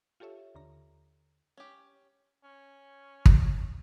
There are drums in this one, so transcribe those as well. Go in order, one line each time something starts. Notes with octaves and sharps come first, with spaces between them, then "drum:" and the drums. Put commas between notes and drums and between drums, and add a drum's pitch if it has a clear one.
F4 G4 A4 C#5 E5
D#2 D3 A#5
C#4 G4
C#4
drum: kick